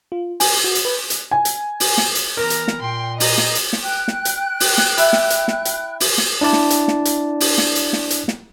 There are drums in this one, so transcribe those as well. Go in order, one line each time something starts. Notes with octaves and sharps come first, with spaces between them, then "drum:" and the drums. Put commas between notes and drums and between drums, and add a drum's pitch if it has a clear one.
F4
G#5, drum: open hi-hat
F#4
drum: hi-hat
B4
drum: hi-hat
G#5
drum: hi-hat
drum: open hi-hat
drum: snare
drum: hi-hat
E3 B3 A#4 A#5 F6
drum: hi-hat
drum: snare
A#2 G5 C6
D#5 A#5 D#6, drum: open hi-hat
drum: snare
drum: hi-hat
drum: snare
G5 F#6
drum: snare
drum: hi-hat
drum: open hi-hat
drum: snare
E4, drum: hi-hat
drum: snare
drum: hi-hat
drum: snare
drum: hi-hat
drum: open hi-hat
drum: snare
D4 E4 D5 A5
drum: snare
drum: hi-hat
drum: snare
drum: hi-hat
drum: open hi-hat
drum: snare
drum: hi-hat
drum: snare
drum: hi-hat
drum: snare